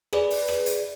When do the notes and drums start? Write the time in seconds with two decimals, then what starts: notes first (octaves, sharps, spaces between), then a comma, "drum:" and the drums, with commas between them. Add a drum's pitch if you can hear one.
0.13 G#4 B4 D5, drum: rim click
0.30 drum: open hi-hat
0.48 drum: rim click
0.66 drum: hi-hat